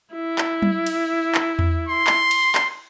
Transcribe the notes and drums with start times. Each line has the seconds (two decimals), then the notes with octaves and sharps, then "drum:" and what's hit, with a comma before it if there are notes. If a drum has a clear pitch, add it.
0.14 E4
0.38 drum: clap
0.62 drum: tom F#3
0.86 drum: cymbal
1.35 drum: clap
1.59 drum: tom E2
1.89 C6
2.07 drum: clap
2.31 drum: cymbal
2.55 drum: clap